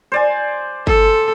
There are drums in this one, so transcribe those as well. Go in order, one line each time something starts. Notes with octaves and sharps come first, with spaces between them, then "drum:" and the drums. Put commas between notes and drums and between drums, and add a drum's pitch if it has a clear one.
C5 D5 G#5
A4, drum: kick G1